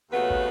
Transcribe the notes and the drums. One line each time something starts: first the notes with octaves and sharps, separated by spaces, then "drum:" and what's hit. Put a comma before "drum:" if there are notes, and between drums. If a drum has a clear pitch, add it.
D#2 C#3 F#3 A3 B3 B4
drum: kick